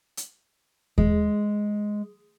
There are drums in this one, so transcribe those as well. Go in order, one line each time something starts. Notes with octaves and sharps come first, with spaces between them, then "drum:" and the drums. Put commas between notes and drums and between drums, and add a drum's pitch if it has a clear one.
drum: hi-hat
G#3, drum: kick D#2